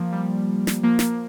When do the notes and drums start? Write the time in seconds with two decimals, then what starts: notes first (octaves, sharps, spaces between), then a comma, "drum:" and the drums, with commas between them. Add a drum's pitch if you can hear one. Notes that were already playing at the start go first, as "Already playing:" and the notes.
Already playing: F3 A#3
0.12 G3
0.67 drum: snare
0.83 F3 A#3
0.99 drum: snare